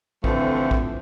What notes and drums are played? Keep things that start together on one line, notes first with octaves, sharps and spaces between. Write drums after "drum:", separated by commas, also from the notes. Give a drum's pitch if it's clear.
D3 E3 F3 A3 C4, drum: kick
drum: kick